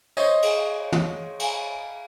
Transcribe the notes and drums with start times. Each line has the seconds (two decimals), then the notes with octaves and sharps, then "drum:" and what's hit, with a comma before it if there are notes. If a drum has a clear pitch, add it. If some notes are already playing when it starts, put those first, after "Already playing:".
0.17 C5 C#5 D#5, drum: tambourine
0.42 drum: cymbal
0.92 drum: tom
1.39 drum: cymbal